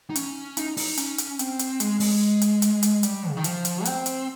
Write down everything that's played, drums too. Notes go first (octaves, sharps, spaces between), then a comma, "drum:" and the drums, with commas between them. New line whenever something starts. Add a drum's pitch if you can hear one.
D#4
C#4, drum: hi-hat
D#4, drum: hi-hat
D#4, drum: open hi-hat
C#4, drum: hi-hat
drum: hi-hat
C4, drum: hi-hat
drum: hi-hat
G#3, drum: hi-hat
G#3, drum: open hi-hat
drum: hi-hat
drum: hi-hat
drum: hi-hat
G3, drum: hi-hat
C#3
D#3
F3, drum: hi-hat
drum: hi-hat
C4, drum: hi-hat
drum: hi-hat